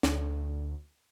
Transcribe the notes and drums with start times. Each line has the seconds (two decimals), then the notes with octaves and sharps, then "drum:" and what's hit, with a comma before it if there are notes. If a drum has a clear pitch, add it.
0.03 D2, drum: snare